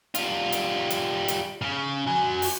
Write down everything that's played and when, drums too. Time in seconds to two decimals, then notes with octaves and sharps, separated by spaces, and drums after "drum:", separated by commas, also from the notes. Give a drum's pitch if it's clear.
0.15 G3 F4, drum: hi-hat
0.52 drum: hi-hat
0.90 drum: hi-hat
1.28 drum: hi-hat
1.61 C#3
2.08 F#4 G#5
2.42 drum: open hi-hat